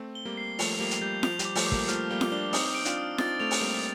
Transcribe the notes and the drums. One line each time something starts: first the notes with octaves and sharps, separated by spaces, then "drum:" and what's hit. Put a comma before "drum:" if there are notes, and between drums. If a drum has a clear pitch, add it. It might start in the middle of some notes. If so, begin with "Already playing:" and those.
Already playing: A3 C4
G7
G3 A#3
C7
F3 A3 F7, drum: open hi-hat
G3 A#3 F7
drum: hi-hat
G3 G6
F3 F7, drum: snare F4
G3, drum: hi-hat
D6
F3 A3, drum: open hi-hat
D6
G3 A#3, drum: kick
F3 A3 F6, drum: hi-hat
G3 A#3 G7
drum: snare F4
A#3 D4 G7
C4 D#4 D#6, drum: open hi-hat
D7
D4 F4, drum: hi-hat
D#6
C4 D#4 A6, drum: snare F4
A3 C4 F7
drum: open hi-hat
G3 A#3 F7